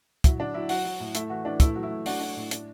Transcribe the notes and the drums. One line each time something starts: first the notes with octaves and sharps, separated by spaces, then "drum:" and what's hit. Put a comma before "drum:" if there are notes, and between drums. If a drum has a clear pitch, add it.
F#3 E4, drum: kick, hi-hat
D3 D4
F#3 E4
F#3 F#4, drum: open hi-hat
F#3
A2
A3 E4, drum: hi-hat
E3 F#4
E3 D4
A3 E4, drum: kick, hi-hat
F#3
E4
A3
D4 F#4, drum: open hi-hat
D4
A2
D4, drum: hi-hat